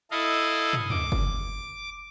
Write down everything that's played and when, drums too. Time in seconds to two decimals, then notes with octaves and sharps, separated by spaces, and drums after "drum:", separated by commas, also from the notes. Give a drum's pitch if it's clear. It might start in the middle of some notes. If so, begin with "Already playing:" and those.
0.11 E4 A4 D#5 F5
0.73 drum: tom
0.90 D6, drum: tom
1.12 drum: kick F#1